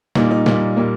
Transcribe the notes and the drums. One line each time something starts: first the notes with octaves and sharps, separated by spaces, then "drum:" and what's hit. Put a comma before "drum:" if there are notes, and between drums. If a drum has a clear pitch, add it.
A#2 G3 A#3 D#4, drum: snare
D#4
A#2 G3 A#3, drum: snare
A#2 G3 A#3